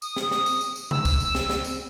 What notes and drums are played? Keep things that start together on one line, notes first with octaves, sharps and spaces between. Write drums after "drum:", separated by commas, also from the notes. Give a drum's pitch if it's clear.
D#6, drum: tambourine
drum: snare
drum: snare
drum: tambourine
drum: tambourine
drum: tambourine
E6, drum: tom C3
drum: kick, tambourine
drum: tambourine
drum: snare
drum: snare
drum: tambourine